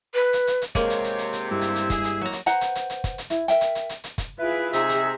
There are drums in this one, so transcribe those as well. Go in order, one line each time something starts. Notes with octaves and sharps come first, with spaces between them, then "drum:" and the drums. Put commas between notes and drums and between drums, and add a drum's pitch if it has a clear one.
B4
drum: hi-hat
drum: hi-hat
drum: hi-hat
G#2 C3 G#3 A#3 C#5, drum: kick, hi-hat
drum: hi-hat
drum: hi-hat
drum: hi-hat
drum: hi-hat
G2 E4
drum: hi-hat
drum: hi-hat
G#4, drum: kick, hi-hat
drum: hi-hat
D#2 F#3 A#5
drum: hi-hat
B4 C5 F#5 A#5, drum: hi-hat
drum: hi-hat
drum: hi-hat
drum: hi-hat
drum: kick, hi-hat
drum: hi-hat
E4, drum: hi-hat
A#4 E5 G5, drum: hi-hat
drum: hi-hat
drum: hi-hat
drum: hi-hat
drum: hi-hat
drum: kick, hi-hat
E4 F4 G#4 B4
C3 D#4 G#4 E5, drum: hi-hat
drum: hi-hat